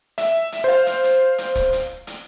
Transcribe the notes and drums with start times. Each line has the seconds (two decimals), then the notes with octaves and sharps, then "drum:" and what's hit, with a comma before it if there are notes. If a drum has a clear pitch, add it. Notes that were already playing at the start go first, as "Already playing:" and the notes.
0.18 E5, drum: hi-hat
0.52 drum: hi-hat
0.64 C5 F5
0.87 drum: hi-hat
1.04 drum: hi-hat
1.38 drum: hi-hat
1.55 drum: kick, hi-hat
1.73 drum: hi-hat
2.07 drum: hi-hat